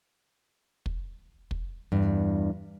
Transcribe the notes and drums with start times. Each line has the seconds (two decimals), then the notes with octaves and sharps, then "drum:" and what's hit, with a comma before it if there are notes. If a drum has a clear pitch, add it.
0.86 drum: kick
1.51 drum: kick
1.92 E2 G2